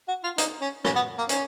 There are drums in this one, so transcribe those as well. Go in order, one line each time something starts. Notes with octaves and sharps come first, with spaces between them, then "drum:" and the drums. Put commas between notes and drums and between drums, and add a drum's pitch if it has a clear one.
F#4
F4
D#4, drum: hi-hat
C#4
C#4, drum: rim click
B3
A#3
C#4, drum: hi-hat